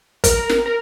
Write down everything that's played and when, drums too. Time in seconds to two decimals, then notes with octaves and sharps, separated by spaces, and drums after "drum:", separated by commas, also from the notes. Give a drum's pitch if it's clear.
0.24 A#4, drum: kick, hi-hat
0.49 drum: snare
0.66 A#4